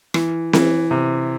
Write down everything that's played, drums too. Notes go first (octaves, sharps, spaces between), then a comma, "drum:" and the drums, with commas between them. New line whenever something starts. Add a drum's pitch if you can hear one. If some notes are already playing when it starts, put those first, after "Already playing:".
E3, drum: rim click
E3, drum: snare C4
C3